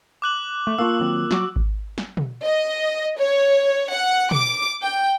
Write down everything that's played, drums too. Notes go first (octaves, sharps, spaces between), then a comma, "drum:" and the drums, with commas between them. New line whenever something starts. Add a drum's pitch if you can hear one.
D6 F#6 F#7
A3
A#3 F4 F5 A5 C#6 E6
D#3 F#3 C4
F#3 F#4 D6, drum: snare
drum: kick G#1
drum: snare
drum: tom
D#5
C#5
F#5
D6, drum: tom
G5